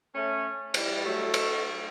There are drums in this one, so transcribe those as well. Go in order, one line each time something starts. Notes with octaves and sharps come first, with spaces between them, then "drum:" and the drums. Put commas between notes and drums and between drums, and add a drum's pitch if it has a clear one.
A3 C#4
E3 G3, drum: cymbal
F#3 A3
drum: cymbal